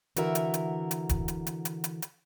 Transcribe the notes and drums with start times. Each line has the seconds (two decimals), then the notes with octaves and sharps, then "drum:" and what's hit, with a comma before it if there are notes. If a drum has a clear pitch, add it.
0.16 D3 E3 F#4 A#4 E5, drum: hi-hat
0.35 drum: hi-hat
0.54 drum: hi-hat
0.91 drum: hi-hat
1.09 drum: kick, hi-hat
1.28 drum: hi-hat
1.47 drum: hi-hat
1.65 drum: hi-hat
1.84 drum: hi-hat
2.02 drum: hi-hat